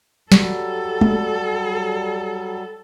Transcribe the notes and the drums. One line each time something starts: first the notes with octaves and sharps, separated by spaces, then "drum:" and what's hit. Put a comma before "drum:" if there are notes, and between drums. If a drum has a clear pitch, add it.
F#3 G3 A4, drum: snare
drum: tom G#3